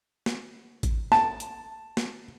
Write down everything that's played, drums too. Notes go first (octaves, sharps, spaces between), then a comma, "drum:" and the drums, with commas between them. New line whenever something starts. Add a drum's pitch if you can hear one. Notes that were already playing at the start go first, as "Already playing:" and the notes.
drum: snare
drum: kick A1, hi-hat
A5, drum: snare
drum: hi-hat
drum: snare